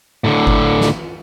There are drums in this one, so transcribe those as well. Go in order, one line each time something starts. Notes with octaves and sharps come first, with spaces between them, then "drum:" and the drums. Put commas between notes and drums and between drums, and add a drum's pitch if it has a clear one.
A2 D3
drum: kick G1
drum: snare